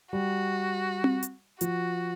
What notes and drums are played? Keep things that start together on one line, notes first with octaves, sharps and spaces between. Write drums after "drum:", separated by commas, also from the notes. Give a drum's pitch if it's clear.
G3 F#4
drum: tom C4
drum: hi-hat
F3 F#4, drum: hi-hat